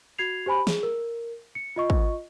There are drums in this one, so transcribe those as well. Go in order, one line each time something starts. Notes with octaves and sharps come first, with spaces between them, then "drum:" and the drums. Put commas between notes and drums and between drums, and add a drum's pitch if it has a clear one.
F#4 G#6 C7 F7
G4 C5 G#5 B5
G#4, drum: snare
A#4
C#7
F4 D#5 C#6
drum: kick